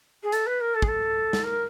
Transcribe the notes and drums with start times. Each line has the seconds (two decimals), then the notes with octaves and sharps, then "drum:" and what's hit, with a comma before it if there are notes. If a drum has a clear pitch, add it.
0.23 G#4
0.32 A4, drum: hi-hat
0.46 B4
0.60 A#4
0.74 A4
0.82 G#4, drum: kick
0.88 A4
1.33 drum: snare
1.43 A#4